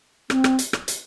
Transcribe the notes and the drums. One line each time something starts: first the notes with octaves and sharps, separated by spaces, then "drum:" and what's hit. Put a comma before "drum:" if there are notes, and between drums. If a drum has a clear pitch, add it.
C4, drum: rim click
drum: rim click
drum: hi-hat
drum: rim click
drum: hi-hat